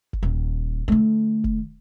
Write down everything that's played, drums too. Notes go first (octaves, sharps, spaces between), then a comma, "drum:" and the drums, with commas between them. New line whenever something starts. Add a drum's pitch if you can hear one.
drum: kick
D#1
D3 A3
drum: kick